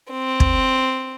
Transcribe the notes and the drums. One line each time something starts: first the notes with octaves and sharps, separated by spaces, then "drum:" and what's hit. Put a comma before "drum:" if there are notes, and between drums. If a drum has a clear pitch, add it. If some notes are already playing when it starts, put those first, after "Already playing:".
C4
drum: kick